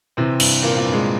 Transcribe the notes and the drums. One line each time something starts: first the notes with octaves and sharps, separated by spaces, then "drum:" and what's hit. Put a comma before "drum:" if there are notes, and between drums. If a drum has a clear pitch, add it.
C3 E3 C4
G2, drum: cymbal
A#2 E3 A#3
C4
A#2 A#3
G2
G#3